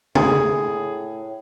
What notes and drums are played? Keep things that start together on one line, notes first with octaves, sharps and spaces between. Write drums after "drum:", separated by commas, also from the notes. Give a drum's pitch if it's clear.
A2 G#4, drum: tom